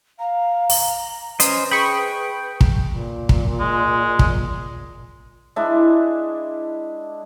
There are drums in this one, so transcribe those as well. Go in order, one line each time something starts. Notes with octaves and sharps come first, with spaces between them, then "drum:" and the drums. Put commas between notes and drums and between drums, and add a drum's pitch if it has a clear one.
F5 A#5
drum: open hi-hat
C#4 B4 C5 D#5, drum: hi-hat
G#4 G5 B5 C#6 D#6
drum: kick
A#2
drum: kick
G#3
drum: kick
G#3 D4 E4